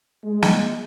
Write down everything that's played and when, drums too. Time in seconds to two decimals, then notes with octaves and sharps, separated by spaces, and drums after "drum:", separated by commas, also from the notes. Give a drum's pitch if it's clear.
0.24 G#3
0.42 drum: snare